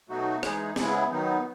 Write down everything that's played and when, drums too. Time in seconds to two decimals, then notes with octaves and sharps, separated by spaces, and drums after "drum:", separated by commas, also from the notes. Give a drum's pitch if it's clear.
0.09 B2 F#3 A3 D#4 F#4
0.43 E3 G#3 D#4 G#4, drum: rim click
0.76 C#3 G#3 B3 E4 G#4, drum: snare
1.11 D#3 F#3 B3 D#4